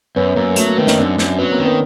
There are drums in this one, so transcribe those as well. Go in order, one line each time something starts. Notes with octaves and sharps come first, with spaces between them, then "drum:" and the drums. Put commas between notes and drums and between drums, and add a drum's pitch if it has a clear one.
F#2 B3 C#4
F#2 A#3
F#3 A3, drum: hi-hat
A#3
D#3 A3 B3
C#4 D#4, drum: snare
F#2 C4 D4
F#2, drum: snare
F#3 B3 C#4
A#3 C4
D#3
B3 C#4